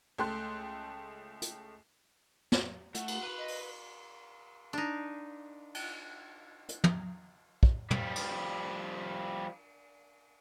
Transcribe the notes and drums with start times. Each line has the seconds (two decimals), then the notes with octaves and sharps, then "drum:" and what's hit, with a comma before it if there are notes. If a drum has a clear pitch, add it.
0.18 C#2 A3 G5 A5 C6 F#6
1.42 drum: hi-hat
2.52 drum: snare
2.94 A3 F#5, drum: hi-hat
3.08 drum: cymbal
3.23 B4 B5
3.38 D#5
3.48 drum: open hi-hat
4.73 D4 D#4
5.75 drum: cymbal
6.69 drum: hi-hat
6.84 drum: tom
7.63 drum: kick
7.91 F3 G3, drum: tom
8.16 drum: cymbal